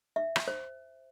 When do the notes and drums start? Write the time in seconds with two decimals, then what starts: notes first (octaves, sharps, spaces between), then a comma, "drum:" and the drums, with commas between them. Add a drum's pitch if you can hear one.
0.16 E5
0.36 drum: rim click
0.48 C5